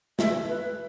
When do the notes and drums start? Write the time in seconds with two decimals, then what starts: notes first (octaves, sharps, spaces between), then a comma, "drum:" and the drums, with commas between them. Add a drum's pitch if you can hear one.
0.19 E5, drum: snare
0.48 B4